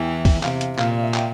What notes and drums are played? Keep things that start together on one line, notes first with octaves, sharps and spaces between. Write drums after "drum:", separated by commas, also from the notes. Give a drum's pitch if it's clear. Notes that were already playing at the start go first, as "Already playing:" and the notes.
Already playing: E2 E3 G5
drum: kick, open hi-hat
C3 F5, drum: clap
drum: hi-hat
A#2 F5, drum: clap
D5
E5
G5, drum: clap